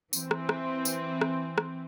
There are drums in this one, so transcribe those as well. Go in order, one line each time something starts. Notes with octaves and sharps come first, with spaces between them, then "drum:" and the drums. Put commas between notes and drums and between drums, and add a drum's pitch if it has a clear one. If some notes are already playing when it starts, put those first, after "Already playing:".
E3 C4, drum: tambourine
drum: rim click
drum: rim click
drum: tambourine
drum: rim click
drum: rim click